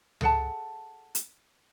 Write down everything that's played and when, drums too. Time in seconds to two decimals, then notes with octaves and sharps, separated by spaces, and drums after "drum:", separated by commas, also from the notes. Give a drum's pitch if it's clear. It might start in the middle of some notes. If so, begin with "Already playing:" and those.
0.21 G#4 A4 F#5 A5, drum: tom C#2
1.15 drum: hi-hat